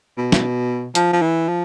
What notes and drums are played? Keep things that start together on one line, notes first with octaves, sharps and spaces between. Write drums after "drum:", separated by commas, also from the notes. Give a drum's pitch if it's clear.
B2
drum: snare
F3, drum: hi-hat
F3
E3
F3